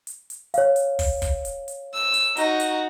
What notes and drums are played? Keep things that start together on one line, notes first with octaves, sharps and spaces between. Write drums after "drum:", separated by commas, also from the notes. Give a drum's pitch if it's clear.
drum: hi-hat
drum: hi-hat
C#5 F5, drum: hi-hat
drum: hi-hat
drum: kick, open hi-hat
drum: kick, hi-hat
drum: hi-hat
drum: hi-hat
E6
drum: hi-hat
D#4 F#4, drum: hi-hat
drum: hi-hat